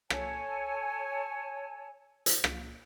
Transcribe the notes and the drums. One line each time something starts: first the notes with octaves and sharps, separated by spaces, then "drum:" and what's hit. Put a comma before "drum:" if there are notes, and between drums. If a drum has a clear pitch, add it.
A4 C#5 G#5 A5, drum: rim click
drum: hi-hat
drum: rim click